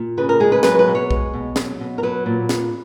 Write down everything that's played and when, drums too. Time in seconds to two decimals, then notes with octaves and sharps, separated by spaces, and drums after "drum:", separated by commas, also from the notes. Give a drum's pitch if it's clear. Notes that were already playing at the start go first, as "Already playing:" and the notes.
Already playing: A#2
0.18 C#3 B4
0.29 A#4
0.40 G#3 G#4
0.52 B4
0.63 F#3 B4, drum: snare
0.79 B4
0.87 B2
0.95 C#5
1.11 G#3, drum: kick B1
1.34 B2
1.56 F#3, drum: snare
1.80 B2
1.98 A#4
2.03 F#3 B4
2.26 A#2
2.49 drum: snare